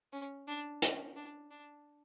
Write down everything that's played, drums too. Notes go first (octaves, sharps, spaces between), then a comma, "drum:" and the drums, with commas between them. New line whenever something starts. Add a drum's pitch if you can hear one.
C#4
D4
C#4, drum: hi-hat
D4
D4